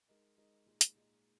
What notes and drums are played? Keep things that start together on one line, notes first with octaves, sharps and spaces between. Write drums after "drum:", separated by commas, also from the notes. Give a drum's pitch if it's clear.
G#3 D#4 A#4 D#5
G#3 D#4 A#4 D#5
A#2 G#3 D#4
drum: hi-hat
A#2 G#3 D#4